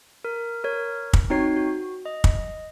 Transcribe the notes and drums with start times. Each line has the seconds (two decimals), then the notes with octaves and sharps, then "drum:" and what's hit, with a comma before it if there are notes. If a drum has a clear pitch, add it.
0.24 A#4
0.64 A#4 C#5
1.13 drum: kick
1.30 C4 D#4 F#4 C#5 C7
1.56 F#4
2.06 D#5
2.24 drum: kick